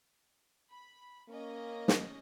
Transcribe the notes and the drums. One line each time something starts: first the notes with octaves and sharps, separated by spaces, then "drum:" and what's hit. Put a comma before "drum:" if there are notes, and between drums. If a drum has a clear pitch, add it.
B5
A#3 C#4 D#5
drum: snare